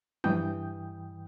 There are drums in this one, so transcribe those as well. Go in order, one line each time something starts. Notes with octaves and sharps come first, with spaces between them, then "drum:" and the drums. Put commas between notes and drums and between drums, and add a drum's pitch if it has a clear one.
G2 E3 G5 D#6 G6, drum: tom